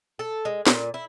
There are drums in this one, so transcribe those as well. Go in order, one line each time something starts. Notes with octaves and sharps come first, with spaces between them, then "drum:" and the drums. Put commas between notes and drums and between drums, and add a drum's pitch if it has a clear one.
A4
G#3
A#2, drum: snare
E4